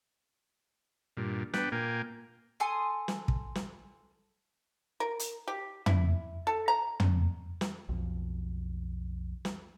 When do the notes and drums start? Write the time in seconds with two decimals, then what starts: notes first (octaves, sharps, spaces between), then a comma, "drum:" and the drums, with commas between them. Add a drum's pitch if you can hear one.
1.17 G2 A#2
1.54 B3 D4 B4 G5, drum: snare
1.72 A#2 A#3 G5 G#5
2.60 A4 G#5 C6 D#6
3.08 drum: snare
3.28 drum: kick
3.55 drum: snare
5.00 A#4
5.19 drum: hi-hat
5.48 G4
5.86 E4, drum: tom
6.47 A4
6.68 A#5
7.00 drum: tom
7.61 drum: snare
7.89 B1 F2 F3
9.45 drum: snare